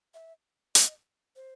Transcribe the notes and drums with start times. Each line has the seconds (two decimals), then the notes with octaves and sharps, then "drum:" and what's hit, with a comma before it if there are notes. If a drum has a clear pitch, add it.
0.14 E5
0.75 D#5, drum: hi-hat
1.36 C5